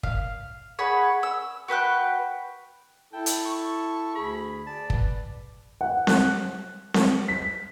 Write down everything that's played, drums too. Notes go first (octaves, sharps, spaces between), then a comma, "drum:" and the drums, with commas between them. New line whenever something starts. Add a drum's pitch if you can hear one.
F5, drum: kick
G#4 C#5 F#5 B5
E6
F#4 B4 G5 F#6
E4 A4 G5 A5
drum: hi-hat
C#6
D2 G#4 B5
D5 A5
B4, drum: kick
F#5
F#6, drum: snare C4
drum: snare C4
B6